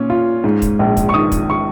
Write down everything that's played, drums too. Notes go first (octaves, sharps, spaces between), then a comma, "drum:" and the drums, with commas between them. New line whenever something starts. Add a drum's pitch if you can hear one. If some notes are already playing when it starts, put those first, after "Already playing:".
Already playing: A#2 C#4
F4
G#2
drum: kick, hi-hat
A#1
drum: kick, hi-hat
C#6
D#3 D#6
drum: kick, hi-hat
C#6